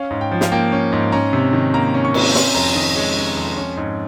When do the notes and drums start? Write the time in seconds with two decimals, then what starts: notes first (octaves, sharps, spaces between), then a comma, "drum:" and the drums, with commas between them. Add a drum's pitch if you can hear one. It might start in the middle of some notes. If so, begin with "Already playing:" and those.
Already playing: C#4 F5
0.11 G#2
0.21 G5
0.31 F3
0.41 F5, drum: snare
0.52 A#3 G5
0.72 C#4
0.92 G#2
1.12 C#4 A#5
1.33 C3
1.53 D#3
1.74 A#3 A#5
1.94 C#4
2.05 C#6
2.14 C3, drum: cymbal
2.35 C#4 C6, drum: snare
2.55 F2 A#5
2.75 D#3 D#5
2.96 G#3 C#5
3.16 C#4
3.37 F2
3.57 C#4
3.77 G#2